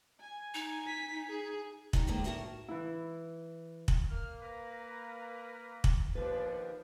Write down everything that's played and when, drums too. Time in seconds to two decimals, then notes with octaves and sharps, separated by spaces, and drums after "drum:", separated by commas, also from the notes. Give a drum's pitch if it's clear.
0.20 G#5
0.54 D#4
0.87 B6
1.29 G#4
1.93 G3 D4 D#4 F#4 D5 D#5, drum: kick
2.07 D3 D#3 F3 G#3 A#3 D4
2.24 A2 A3 F#4 A#4 G#5 A5
2.68 E3 E4
3.88 drum: kick
4.10 A#3 F6
4.42 A#4 B4 A#5
5.84 drum: kick
6.15 D#2 F3 B3 D4 B4